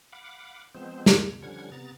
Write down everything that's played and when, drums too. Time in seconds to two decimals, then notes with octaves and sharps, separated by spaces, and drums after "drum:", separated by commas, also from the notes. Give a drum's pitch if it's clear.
0.12 F5 F#5 B5 D6
0.75 F3 G#3 B3 C4 C5
1.06 drum: snare
1.22 B2
1.43 D3 F3 G3 C#4 F#5 G#6
1.72 C3 B3 A#5 A6